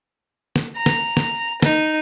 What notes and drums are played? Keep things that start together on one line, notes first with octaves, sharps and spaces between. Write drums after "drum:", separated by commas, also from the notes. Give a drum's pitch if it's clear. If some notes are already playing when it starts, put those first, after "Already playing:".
drum: snare
A#5
drum: snare
drum: snare
D#4, drum: snare